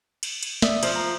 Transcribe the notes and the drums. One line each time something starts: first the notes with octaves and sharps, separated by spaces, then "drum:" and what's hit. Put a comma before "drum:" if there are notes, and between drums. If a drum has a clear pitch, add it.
drum: cymbal
drum: cymbal
D5 E5 D#6, drum: snare
F3, drum: cymbal
A#5